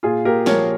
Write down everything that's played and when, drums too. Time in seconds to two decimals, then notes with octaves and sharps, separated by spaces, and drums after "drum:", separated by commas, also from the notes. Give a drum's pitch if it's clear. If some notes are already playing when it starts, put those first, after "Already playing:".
0.03 A#2 F4 G#4
0.25 A#2 G4 A#4
0.46 F3 A#4 C#5, drum: snare